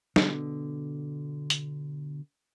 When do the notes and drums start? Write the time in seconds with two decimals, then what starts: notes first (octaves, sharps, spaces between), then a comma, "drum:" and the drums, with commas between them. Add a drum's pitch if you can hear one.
0.16 B2 D3, drum: snare
1.50 drum: hi-hat